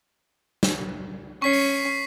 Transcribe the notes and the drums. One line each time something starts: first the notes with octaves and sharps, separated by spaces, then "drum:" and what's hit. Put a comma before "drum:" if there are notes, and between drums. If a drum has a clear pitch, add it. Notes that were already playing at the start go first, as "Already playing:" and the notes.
drum: snare
C#4 C#6 B6 C7
drum: open hi-hat